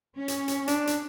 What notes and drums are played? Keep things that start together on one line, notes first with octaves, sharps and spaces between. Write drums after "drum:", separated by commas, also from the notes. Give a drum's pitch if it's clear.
C#4
drum: hi-hat
drum: hi-hat
D4, drum: hi-hat
drum: hi-hat